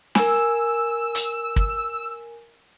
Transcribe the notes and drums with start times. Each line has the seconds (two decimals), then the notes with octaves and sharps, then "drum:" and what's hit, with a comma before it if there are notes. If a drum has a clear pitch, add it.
0.15 A#4 G#5 E6, drum: snare
1.15 drum: hi-hat
1.56 drum: kick